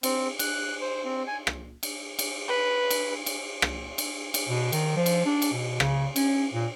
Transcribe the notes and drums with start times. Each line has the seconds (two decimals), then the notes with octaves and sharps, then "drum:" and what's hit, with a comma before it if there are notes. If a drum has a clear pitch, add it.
0.03 C4, drum: cymbal
0.39 F#6, drum: cymbal
0.81 C5
1.05 C4
1.27 G#5
1.47 drum: rim click
1.83 drum: cymbal
2.19 drum: cymbal
2.48 B4
2.90 drum: cymbal
3.26 drum: cymbal
3.62 drum: rim click
3.98 drum: cymbal
4.34 drum: cymbal
4.49 B2
4.72 D#3, drum: cymbal
4.96 F3
5.06 drum: cymbal
5.26 D4
5.42 drum: cymbal
5.53 B2
5.80 C#3, drum: rim click
6.16 C#4, drum: cymbal
6.54 A#2